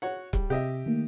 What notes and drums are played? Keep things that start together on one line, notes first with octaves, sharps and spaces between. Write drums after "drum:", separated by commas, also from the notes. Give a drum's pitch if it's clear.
F#4 C#5 F#5
G3, drum: kick C#1
C3 G4 D#5 E5
D#3 A3 A#3